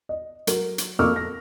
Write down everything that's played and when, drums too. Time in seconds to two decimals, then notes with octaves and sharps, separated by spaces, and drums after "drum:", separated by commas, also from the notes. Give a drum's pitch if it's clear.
0.09 D#5
0.47 F#3 A#4, drum: hi-hat
0.78 drum: hi-hat
0.99 F2 A#3 C#6 D6 E6 F6
1.16 A#6